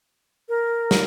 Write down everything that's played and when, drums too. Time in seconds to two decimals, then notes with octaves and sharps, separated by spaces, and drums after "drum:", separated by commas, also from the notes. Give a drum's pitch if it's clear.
0.49 A#4
0.91 drum: snare